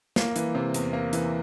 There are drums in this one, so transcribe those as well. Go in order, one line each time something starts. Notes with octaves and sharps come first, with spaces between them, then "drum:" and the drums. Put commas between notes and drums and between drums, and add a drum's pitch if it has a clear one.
A#3, drum: snare
E3, drum: hi-hat
C3
E2, drum: hi-hat
A#3
E3, drum: hi-hat